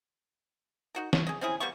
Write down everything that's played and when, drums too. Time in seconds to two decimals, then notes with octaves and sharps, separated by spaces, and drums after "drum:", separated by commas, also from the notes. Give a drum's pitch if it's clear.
0.95 D#4 F#4 A#4
1.13 C#6, drum: snare
1.27 G#4 D#5
1.41 C4 C#4 E4 G#4
1.60 G3 A#3 B3 C#6